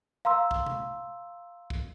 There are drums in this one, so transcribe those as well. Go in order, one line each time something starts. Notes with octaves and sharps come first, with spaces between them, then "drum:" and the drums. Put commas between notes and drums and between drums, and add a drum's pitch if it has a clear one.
F5 A#5 C6 E6
drum: kick
drum: tom C3
drum: kick